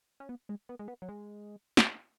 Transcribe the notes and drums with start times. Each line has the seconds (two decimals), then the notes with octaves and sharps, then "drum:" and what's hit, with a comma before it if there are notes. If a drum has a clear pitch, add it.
0.20 C#4
0.29 B3
0.49 G#3
0.69 B3
0.79 G#3
0.88 B3
1.02 F#3
1.09 G#3
1.77 drum: snare